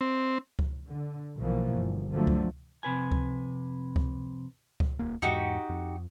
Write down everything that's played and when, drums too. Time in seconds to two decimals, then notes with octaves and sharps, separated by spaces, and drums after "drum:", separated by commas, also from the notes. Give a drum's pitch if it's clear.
0.01 C4
0.59 drum: kick C#2
0.89 D3
1.37 B1 B2 E3 F3 A#3
1.72 G1
2.12 D3 F3 F#3 A3
2.27 drum: kick C#2
2.83 F2 C3 B4 G#5
3.12 drum: kick C#2
3.96 drum: kick C#2
4.80 drum: kick C#2
4.99 D#1 A#3
5.22 E2 G#2 D#4 F#4 G4
5.69 F2